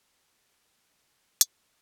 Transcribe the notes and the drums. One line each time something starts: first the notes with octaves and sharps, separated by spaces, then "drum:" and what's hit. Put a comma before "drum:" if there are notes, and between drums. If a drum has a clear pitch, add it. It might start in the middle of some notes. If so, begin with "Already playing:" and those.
Already playing: C2 A3
B2
A3
E3
B3
E3
G2, drum: hi-hat